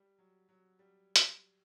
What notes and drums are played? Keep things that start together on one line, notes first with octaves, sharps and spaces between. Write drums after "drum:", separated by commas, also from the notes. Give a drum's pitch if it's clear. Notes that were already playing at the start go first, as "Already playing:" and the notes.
Already playing: G3
F#3
F#3
G3
drum: hi-hat